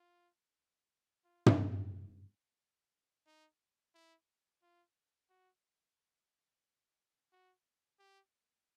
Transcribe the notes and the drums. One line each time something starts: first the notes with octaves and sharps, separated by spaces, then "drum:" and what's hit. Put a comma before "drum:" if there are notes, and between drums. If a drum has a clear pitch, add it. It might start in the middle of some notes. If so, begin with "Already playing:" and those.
Already playing: F4
F4
drum: tom
D#4
E4
F4
F#4
F#4
G4